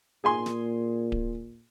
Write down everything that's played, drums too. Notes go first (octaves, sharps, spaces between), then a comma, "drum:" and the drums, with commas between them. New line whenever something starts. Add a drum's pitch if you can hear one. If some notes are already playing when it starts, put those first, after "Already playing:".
A#2 G#4 G#5 C6
drum: snare
drum: kick D1